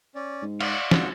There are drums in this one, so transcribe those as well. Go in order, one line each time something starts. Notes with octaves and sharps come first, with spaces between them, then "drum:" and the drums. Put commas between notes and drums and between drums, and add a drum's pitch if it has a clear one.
C#4 D5
G#2
D5 F5 F#5 C6 C#6, drum: cymbal
G#2 F4 F#4 E6, drum: snare